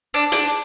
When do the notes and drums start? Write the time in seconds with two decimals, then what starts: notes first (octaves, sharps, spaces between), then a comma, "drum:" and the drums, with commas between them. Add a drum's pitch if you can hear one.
0.14 D4
0.32 D4, drum: hi-hat